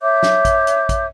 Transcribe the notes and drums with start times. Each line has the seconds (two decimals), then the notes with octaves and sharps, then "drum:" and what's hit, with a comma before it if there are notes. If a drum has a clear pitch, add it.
0.01 C#5 E5 D6 G6
0.23 drum: snare
0.45 drum: kick, hi-hat
0.67 drum: hi-hat
0.89 drum: kick, hi-hat